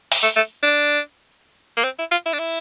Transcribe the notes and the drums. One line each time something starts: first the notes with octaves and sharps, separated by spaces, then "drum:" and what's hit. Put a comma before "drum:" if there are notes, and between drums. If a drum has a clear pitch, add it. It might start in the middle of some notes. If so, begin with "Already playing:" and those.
drum: open hi-hat
A3
A3
D4
A#3
C4
E4
F4
E4
D4
E4